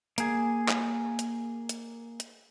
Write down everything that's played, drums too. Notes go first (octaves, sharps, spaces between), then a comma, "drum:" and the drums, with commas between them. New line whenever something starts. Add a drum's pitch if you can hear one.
A#3 G#4, drum: hi-hat
drum: clap
drum: hi-hat
drum: hi-hat
drum: hi-hat